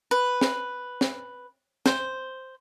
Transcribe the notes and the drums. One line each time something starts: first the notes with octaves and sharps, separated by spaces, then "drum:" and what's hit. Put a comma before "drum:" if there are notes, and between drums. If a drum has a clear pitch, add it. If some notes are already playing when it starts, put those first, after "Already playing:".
B4
drum: snare
drum: snare
C5, drum: snare